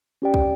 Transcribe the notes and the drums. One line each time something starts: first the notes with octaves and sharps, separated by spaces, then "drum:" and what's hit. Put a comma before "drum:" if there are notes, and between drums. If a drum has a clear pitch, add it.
C#4 G4 D5 G5
drum: kick